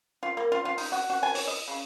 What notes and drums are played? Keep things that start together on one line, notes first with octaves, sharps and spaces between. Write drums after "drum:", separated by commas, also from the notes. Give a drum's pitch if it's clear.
F4
A#3
F4
F4
D#4, drum: open hi-hat
F#4
F#4
G#5
C#5, drum: open hi-hat
D#5
C#3